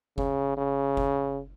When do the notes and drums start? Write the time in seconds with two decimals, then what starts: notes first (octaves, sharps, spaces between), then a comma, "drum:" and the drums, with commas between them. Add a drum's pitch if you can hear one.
0.18 C#3, drum: kick F#1
0.57 C#3
0.97 drum: kick F#1